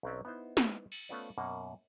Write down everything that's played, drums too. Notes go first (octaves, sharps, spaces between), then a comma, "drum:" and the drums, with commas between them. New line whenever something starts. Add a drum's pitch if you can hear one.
B1 F#3 C4 C#4 D5 E5
B3 D#4 E4 C5
drum: snare
drum: cymbal
A3 B3 C#4 F4 C5 D5
F#2 B2 A#3 F#5